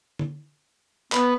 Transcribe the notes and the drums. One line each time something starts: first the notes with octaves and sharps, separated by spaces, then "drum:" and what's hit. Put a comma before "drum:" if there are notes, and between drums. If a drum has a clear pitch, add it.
drum: tom
B3 B4, drum: clap